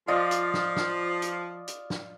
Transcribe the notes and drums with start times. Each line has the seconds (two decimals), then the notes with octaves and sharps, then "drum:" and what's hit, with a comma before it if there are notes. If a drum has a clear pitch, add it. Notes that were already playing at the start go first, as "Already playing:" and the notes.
0.08 F3 F4 D5 D#5
0.31 drum: hi-hat
0.54 drum: snare
0.77 drum: snare
1.22 drum: hi-hat
1.68 drum: hi-hat
1.90 drum: snare